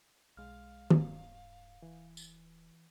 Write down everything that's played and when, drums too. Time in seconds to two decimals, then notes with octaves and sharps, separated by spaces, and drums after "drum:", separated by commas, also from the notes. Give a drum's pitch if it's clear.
0.37 B1 G#3 F5 F6
0.90 D1 G2, drum: tom
1.82 E3
2.17 drum: tambourine